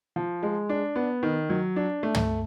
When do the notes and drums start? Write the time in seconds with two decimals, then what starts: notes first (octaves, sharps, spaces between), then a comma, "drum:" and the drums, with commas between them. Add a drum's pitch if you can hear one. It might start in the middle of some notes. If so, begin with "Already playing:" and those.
0.16 F3
0.43 G#3
0.69 D4
0.96 B3
1.23 D#3
1.50 F#3
1.76 D4
2.03 A3
2.15 drum: tom